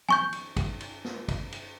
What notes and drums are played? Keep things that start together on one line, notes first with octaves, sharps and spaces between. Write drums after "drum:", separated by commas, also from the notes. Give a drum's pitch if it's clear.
G#5 C#6 G6, drum: tom E3
drum: cymbal
drum: kick, cymbal
drum: cymbal
drum: snare
drum: kick, cymbal
drum: cymbal